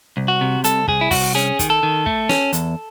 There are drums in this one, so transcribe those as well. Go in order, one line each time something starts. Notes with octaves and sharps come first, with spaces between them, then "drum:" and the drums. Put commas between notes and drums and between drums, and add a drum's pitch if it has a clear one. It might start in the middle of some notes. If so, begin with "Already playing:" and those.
C2
F#4
C3
C2 A4, drum: hi-hat
C2 G#4, drum: kick
E4
C2 F#4, drum: kick, open hi-hat
C#4 G#4
D#3, drum: kick, hi-hat
A4
D#3
A3, drum: kick
C#4, drum: snare
E2, drum: hi-hat